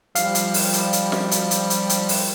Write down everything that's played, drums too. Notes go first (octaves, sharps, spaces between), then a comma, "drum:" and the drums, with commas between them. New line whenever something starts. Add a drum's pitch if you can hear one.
F3 G3 F5, drum: hi-hat
drum: hi-hat
drum: open hi-hat
drum: hi-hat
drum: hi-hat
drum: snare
drum: hi-hat
drum: hi-hat
drum: hi-hat
drum: hi-hat
drum: open hi-hat